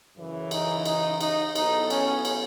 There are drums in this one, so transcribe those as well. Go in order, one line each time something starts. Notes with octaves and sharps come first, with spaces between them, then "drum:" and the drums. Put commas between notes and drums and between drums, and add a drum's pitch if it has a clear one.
F#2 C#3 E3
D#4, drum: cymbal
D#4, drum: cymbal
D#4, drum: cymbal
B2 F#3 B3 D#4 E4 A4, drum: cymbal
C#4, drum: cymbal
drum: cymbal